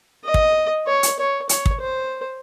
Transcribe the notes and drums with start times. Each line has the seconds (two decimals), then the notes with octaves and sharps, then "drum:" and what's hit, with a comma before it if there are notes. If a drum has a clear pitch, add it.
0.25 D#5
0.34 drum: kick
0.87 C#5
1.03 drum: hi-hat
1.19 C#5
1.49 C#5, drum: hi-hat
1.66 drum: kick
1.80 C5